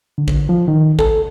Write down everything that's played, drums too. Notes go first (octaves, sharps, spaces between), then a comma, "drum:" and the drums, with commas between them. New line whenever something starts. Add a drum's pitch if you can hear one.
D3
drum: kick
F3
D#3
A4, drum: kick